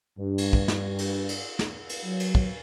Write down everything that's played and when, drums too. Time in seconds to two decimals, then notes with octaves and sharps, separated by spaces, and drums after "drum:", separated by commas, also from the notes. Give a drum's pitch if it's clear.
0.18 G2
0.38 drum: cymbal
0.53 drum: kick
0.68 drum: snare
0.98 drum: cymbal
1.29 drum: cymbal
1.59 drum: snare
1.89 drum: cymbal
2.04 F#3
2.20 drum: cymbal
2.35 drum: kick